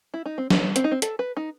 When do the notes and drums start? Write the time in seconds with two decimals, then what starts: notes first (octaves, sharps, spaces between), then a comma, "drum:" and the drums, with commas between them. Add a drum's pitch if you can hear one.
0.14 E4
0.26 D#4
0.38 C4
0.50 B3, drum: snare
0.76 C4, drum: hi-hat
0.84 D#4
0.91 C4
1.02 A4, drum: hi-hat
1.19 B4
1.37 D#4